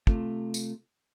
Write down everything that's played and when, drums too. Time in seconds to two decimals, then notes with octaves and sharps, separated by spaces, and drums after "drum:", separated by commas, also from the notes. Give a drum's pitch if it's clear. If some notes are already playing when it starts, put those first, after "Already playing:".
0.07 C3 A3 F4, drum: kick
0.54 drum: tambourine